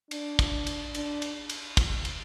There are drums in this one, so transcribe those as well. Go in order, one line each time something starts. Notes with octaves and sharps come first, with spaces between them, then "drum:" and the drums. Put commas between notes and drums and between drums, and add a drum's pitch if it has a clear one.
D4, drum: cymbal
drum: kick, cymbal
drum: cymbal
D4, drum: cymbal
drum: cymbal
drum: cymbal
drum: kick, cymbal
drum: cymbal